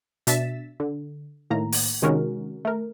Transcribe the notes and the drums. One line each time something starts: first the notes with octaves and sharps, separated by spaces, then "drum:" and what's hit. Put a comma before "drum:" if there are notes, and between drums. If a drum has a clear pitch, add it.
B2 D4 E5 A6 B6 E7, drum: hi-hat
D3
A2 D#3 A#3 A#5
drum: open hi-hat
C3 D#3 G#3 C#4 F#4 A#4
A3 A#4